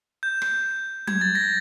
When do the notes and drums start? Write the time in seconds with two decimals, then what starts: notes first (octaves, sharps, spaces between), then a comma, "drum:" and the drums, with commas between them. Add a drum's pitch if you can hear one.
0.23 G6
0.42 drum: rim click
1.07 G#6, drum: tom F#3
1.21 A6
1.35 A#6